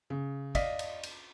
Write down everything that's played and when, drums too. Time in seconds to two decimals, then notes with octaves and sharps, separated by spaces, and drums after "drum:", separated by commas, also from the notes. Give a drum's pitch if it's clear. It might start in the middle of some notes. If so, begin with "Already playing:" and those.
0.10 C#3
0.55 D5 D#5 F5 B6, drum: kick, cymbal
0.79 drum: cymbal
1.03 drum: cymbal